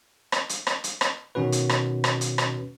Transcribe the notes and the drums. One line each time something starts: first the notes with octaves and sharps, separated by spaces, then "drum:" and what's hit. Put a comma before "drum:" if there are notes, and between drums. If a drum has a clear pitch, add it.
drum: rim click
drum: hi-hat
drum: rim click
drum: hi-hat
drum: rim click
B2 D#3 C#4 F#4 B4
drum: hi-hat
drum: rim click
drum: rim click
drum: hi-hat
drum: rim click